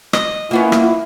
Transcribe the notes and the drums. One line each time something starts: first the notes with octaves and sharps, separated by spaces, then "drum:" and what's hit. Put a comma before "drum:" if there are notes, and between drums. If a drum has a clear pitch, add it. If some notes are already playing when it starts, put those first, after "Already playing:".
D#5, drum: rim click
A#3 B3 C#4 E4 F4
drum: rim click